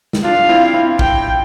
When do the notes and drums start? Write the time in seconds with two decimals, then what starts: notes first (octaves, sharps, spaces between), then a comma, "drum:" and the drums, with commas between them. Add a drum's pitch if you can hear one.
0.13 drum: snare
0.24 D4 F4 F5
0.49 C4 E4
0.74 C4 E4
0.99 G5, drum: kick